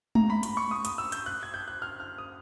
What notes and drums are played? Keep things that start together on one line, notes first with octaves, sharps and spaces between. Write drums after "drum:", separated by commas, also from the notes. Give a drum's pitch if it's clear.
A#5, drum: tom G#3
B5
B5, drum: hi-hat
C#6
D#6
D#6, drum: hi-hat
E6
G6, drum: hi-hat
F#6
G#6
G6
F#6
F6
F6
D#6